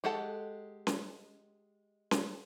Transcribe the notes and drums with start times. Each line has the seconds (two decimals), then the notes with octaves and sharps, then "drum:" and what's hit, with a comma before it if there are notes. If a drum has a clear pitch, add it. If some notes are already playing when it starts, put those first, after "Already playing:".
0.04 G#3 G4 A4 F#5 A5
0.87 drum: snare C#4
2.11 drum: snare C#4